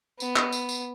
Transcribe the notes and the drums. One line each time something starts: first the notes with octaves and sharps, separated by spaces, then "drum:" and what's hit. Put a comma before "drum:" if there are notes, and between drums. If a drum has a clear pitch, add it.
B3, drum: tambourine
drum: clap
drum: tambourine
drum: tambourine